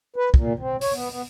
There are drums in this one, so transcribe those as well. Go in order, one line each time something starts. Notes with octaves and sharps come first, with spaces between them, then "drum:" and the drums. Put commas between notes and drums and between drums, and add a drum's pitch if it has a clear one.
B4
A#2, drum: kick
C4
C#5, drum: open hi-hat
B3
B3